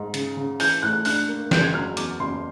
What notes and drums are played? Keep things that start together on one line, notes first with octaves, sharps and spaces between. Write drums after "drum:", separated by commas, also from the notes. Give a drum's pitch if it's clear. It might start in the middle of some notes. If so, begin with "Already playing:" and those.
Already playing: G#2
C#3, drum: hi-hat
C#3
E3 G6, drum: open hi-hat
A2 F#6
D4 F#6, drum: open hi-hat
A#3
F#1 G6, drum: snare
G#6
F#3 F6
E2 D6, drum: hi-hat
F#1 C6